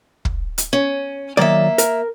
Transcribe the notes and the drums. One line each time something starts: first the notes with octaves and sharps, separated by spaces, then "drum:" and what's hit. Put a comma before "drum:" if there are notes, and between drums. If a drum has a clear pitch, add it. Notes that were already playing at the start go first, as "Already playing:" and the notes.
drum: kick
drum: hi-hat
C#4
D#3 F#3 A#3 D5 E5
A#4, drum: hi-hat